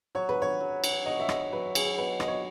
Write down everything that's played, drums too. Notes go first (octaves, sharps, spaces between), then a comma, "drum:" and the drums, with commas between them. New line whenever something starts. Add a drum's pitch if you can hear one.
F#3 C#5
B4
C#5
F#3
drum: cymbal
F#4 D#5
E5
D#5, drum: rim click
F#3 B4
G#4, drum: cymbal
B2 B4
D#5, drum: rim click
C#5